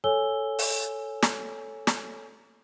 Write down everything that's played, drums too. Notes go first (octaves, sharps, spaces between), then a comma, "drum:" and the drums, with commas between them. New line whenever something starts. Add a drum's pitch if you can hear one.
A4 C#5 G#5 E6 G7
drum: open hi-hat
drum: snare
drum: snare